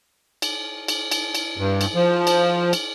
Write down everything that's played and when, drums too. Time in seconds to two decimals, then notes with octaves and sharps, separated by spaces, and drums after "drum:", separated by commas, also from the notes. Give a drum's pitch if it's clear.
0.42 drum: cymbal
0.88 drum: cymbal
1.12 drum: cymbal
1.35 drum: cymbal
1.58 G2
1.81 drum: cymbal
1.95 F3
2.27 drum: cymbal
2.73 drum: cymbal